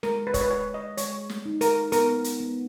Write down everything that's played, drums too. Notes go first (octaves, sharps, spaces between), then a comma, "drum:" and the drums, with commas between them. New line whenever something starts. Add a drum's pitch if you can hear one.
G#3 A#4, drum: snare
B4
C#5, drum: kick, hi-hat
B4
G#3 C#5
D#5
G#3 C#5, drum: hi-hat
drum: snare
D#4
A#4, drum: hi-hat
B3 A#4, drum: hi-hat
drum: hi-hat
B3